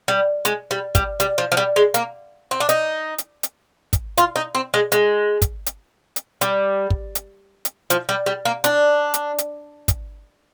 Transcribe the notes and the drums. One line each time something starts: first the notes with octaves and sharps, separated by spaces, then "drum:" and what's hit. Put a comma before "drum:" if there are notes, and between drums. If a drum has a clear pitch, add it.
G3
G#3, drum: hi-hat
G3
G3, drum: kick, hi-hat
G3, drum: hi-hat
F3
F3
G3
G#3
A#3, drum: hi-hat
C4
D4
D#4, drum: hi-hat
drum: hi-hat
drum: hi-hat
drum: kick, hi-hat
F4, drum: hi-hat
D#4
C4
G#3
G#3, drum: hi-hat
drum: kick, hi-hat
drum: hi-hat
drum: hi-hat
G3, drum: hi-hat
drum: kick
drum: hi-hat
drum: hi-hat
F3, drum: hi-hat
G3
G3
A#3
D4, drum: hi-hat
drum: hi-hat
drum: hi-hat
drum: kick, hi-hat